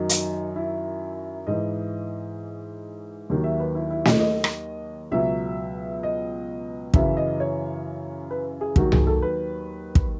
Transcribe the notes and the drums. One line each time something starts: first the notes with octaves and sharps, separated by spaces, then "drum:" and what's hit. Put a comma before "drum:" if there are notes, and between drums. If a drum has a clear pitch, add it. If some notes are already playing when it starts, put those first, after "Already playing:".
Already playing: F#2 D#3 F#3 D#4
drum: hi-hat
E4
G#2 E3 D#5
D#2 D#3 F#3
E5
B4
E4
E4
D#5, drum: snare
D#5
drum: rim click
C#2 B2 F#3 E5
D#5
F#2 C#3 E3 E5, drum: kick
D#5
C#5
B4
G#4
D#2 D#3 F#3 F#4, drum: kick
G#4, drum: tom C2
A4
B4
drum: kick